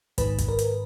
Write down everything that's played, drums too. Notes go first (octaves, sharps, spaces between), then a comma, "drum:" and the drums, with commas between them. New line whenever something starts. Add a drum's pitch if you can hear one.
G#2 D#3 B4, drum: kick, hi-hat
drum: kick, hi-hat
A#4
drum: hi-hat